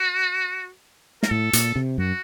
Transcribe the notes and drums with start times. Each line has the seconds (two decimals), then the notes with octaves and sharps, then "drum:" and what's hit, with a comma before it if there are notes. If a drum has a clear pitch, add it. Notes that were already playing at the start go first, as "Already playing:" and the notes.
Already playing: F#4
1.23 A#4, drum: snare
1.30 A2 A4
1.53 A#2, drum: hi-hat
1.76 C3
1.98 F#2 F#4